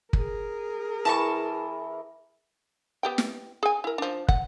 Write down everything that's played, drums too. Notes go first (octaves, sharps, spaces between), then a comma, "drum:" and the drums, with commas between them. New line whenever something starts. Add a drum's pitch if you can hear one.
G#4 A#4, drum: kick
E3 A5 A#5 C#6
B3 G4 G5
drum: snare
G#4 G#5
E4 A#4
F3 D4
F#5, drum: kick